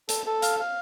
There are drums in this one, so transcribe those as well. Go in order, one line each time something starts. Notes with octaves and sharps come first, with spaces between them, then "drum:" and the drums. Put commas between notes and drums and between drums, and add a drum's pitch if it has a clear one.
A4, drum: hi-hat
A4
F5, drum: hi-hat
F5